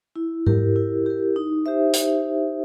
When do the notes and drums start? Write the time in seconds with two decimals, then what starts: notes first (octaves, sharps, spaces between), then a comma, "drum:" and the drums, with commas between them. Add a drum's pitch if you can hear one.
0.16 E4
0.47 G4 A#4, drum: tom G#2
0.76 E4
1.06 G4 A#4
1.36 D#4
1.66 G4 C5 E5
1.94 drum: hi-hat